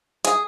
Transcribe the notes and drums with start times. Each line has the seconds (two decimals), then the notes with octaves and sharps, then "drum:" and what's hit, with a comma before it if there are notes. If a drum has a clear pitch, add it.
0.25 G#4, drum: hi-hat